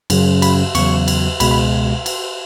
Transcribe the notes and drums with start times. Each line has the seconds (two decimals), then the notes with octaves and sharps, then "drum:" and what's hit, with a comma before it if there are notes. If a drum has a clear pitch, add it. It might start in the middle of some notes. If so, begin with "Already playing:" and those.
0.10 F#2 C#3 F#3, drum: cymbal
0.42 B5, drum: cymbal
0.75 E2 C#3 F#3 C#6, drum: cymbal
1.08 drum: cymbal
1.40 C#2 B2 G#3 B5, drum: cymbal
1.51 B5
2.06 drum: cymbal